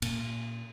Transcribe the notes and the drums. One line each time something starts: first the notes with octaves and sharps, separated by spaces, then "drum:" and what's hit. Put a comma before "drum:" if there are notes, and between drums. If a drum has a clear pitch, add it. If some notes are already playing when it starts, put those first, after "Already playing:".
A#2, drum: cymbal